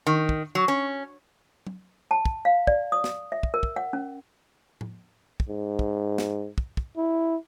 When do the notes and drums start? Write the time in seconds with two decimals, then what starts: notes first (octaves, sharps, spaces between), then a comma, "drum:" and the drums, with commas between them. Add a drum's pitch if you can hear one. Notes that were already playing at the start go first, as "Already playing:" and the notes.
0.07 D#3
0.29 drum: kick
0.55 F#3
0.68 C#4
1.67 drum: tom
2.11 A5
2.25 drum: kick
2.45 F5
2.67 D5, drum: kick
2.92 D#6
3.04 drum: snare
3.32 E5
3.43 drum: kick
3.54 A#4
3.63 drum: kick
3.76 F#5
3.93 C#4
4.81 drum: tom A2
5.40 drum: kick
5.49 G#2
5.79 drum: kick
6.18 drum: snare
6.58 drum: kick
6.77 drum: kick
6.97 E4